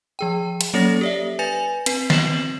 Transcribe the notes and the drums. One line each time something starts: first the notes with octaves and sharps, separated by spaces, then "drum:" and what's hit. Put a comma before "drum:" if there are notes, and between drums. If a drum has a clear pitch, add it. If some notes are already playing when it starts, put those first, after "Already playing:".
F3 G#4 G5
drum: hi-hat
F#3 A#3 C#4 A4 C#5 A#6
G4 D5 E5
B4 G#5 A6 A#6 C#7 F7
C4 B4 B6 C7, drum: hi-hat
C4 C7 E7 F#7, drum: snare